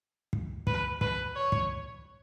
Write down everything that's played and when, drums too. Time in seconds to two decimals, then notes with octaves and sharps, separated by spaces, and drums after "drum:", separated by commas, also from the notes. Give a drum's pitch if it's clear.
0.33 drum: kick
0.67 B4, drum: kick
1.01 B4, drum: kick
1.35 C#5
1.52 drum: kick